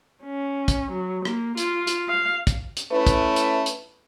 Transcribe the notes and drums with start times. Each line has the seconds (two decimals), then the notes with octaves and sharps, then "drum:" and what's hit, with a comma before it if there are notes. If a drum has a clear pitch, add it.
0.24 C#4
0.68 drum: kick, hi-hat
0.91 F#3
1.25 A#3, drum: rim click
1.57 F4, drum: hi-hat
1.87 drum: hi-hat
2.09 F5
2.47 drum: kick, hi-hat
2.77 drum: hi-hat
2.92 A3 C#4 E4 B4
3.07 drum: kick, hi-hat
3.36 drum: hi-hat
3.66 drum: hi-hat